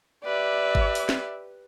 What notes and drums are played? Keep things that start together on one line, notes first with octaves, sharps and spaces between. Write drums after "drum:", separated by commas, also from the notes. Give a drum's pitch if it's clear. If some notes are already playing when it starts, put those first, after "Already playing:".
G4 B4 D5 E5
drum: kick G#1
drum: open hi-hat
drum: snare